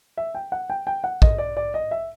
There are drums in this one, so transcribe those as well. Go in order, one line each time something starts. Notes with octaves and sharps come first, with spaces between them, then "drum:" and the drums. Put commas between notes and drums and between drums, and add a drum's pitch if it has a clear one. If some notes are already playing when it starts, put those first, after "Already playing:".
E5
G5
F#5
G5
G5
F#5
D#5, drum: kick
D5
D5
D#5
E5